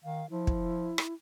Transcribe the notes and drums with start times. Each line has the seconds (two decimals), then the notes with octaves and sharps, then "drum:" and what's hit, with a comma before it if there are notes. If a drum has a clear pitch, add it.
0.04 D#3 F5
0.30 F3 E4
0.47 drum: kick
0.98 drum: rim click